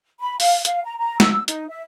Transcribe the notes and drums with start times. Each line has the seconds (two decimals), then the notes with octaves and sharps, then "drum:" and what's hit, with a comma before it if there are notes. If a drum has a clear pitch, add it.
0.19 B5
0.40 F5, drum: open hi-hat
0.65 F5, drum: hi-hat
0.83 A#5
0.98 A#5
1.20 E6, drum: snare
1.48 D#4, drum: hi-hat
1.69 E5